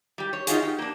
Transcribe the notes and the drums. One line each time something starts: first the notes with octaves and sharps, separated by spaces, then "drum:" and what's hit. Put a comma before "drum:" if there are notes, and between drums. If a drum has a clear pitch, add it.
G3 G4
C#5
D#4 F4 F#4 G#4, drum: hi-hat
G4
A#3 D4